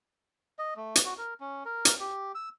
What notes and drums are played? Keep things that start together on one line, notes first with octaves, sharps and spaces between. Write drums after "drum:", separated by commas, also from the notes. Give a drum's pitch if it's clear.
D#5
A3
drum: hi-hat
F#4
A#4
C#4
A#4
drum: hi-hat
G4
E6